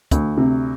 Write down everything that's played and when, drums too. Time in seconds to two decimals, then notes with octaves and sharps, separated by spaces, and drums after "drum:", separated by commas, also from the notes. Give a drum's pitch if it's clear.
0.11 D2, drum: kick D2, hi-hat
0.37 C3